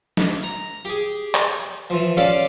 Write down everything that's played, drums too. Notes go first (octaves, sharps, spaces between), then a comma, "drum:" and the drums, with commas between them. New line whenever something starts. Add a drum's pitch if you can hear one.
drum: snare
A#5
G4 G#4
drum: clap
E3 F3
C#4 G4 A4 D5 F5